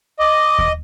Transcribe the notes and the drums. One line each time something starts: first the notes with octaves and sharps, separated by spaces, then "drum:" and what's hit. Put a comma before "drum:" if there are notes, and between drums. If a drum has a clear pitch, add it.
D#5 D6
drum: kick D#2